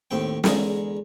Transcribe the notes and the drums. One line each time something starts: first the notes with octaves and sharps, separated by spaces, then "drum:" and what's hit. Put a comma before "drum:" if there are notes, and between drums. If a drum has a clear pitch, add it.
D#2 A2 C4 G5
E2 D3 G#3 G#4 A#4, drum: snare